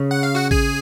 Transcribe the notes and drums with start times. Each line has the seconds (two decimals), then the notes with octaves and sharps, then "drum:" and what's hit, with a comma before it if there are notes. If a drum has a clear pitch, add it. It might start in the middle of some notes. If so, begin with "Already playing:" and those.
Already playing: C#3
0.11 F#5
0.23 F5
0.35 F#4 F#5
0.51 G#4 G#5, drum: kick